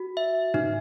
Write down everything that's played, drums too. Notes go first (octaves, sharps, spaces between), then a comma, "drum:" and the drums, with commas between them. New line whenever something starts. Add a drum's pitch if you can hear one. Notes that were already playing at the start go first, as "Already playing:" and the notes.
Already playing: F#4
E5
D#4, drum: tom